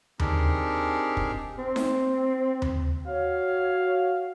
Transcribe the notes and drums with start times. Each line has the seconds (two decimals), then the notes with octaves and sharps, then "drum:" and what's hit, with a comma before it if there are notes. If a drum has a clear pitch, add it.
0.20 C4 D4 D#4 G4 G#4 A#4, drum: tom D#2
1.17 drum: kick
1.58 C4
1.76 drum: snare D#4
2.62 drum: tom D#2
3.07 F#4 C#5 F5